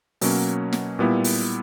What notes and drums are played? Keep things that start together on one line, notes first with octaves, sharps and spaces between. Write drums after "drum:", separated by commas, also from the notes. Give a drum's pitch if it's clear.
B2 F#3 A#3 C#4, drum: open hi-hat
drum: snare
A#2 G3 B3 E4
drum: open hi-hat